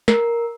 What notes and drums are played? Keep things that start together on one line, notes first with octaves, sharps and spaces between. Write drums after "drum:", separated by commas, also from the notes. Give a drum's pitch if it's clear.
A#4, drum: snare